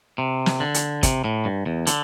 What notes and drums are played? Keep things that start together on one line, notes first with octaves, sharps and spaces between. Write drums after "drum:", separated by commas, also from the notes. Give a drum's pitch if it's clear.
C3
drum: snare
D3
drum: hi-hat
C3, drum: kick, hi-hat
A2
G2
E2
D3, drum: hi-hat